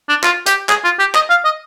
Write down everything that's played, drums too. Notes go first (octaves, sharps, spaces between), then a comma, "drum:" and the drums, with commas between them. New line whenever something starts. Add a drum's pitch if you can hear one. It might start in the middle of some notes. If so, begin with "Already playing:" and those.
D4
F4, drum: clap
G4, drum: hi-hat
G#4, drum: clap
F4
G4
D#5, drum: clap
F5
D#5